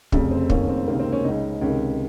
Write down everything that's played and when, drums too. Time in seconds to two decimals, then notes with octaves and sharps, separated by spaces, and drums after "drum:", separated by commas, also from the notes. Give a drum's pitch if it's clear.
0.12 F1 F2 C#3, drum: kick
0.31 C4
0.50 F#1 F2 D#3 C#4, drum: kick
0.69 C4
0.87 C#2 C3 D#3 A#3
1.00 C4
1.12 C#4
1.24 C#2 C#3 D#4
1.61 C#2 C3 D#3